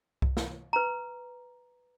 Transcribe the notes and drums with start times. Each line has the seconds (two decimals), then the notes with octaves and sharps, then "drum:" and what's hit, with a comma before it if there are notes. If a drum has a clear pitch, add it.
0.22 drum: kick C2
0.37 drum: snare
0.73 B4 A#5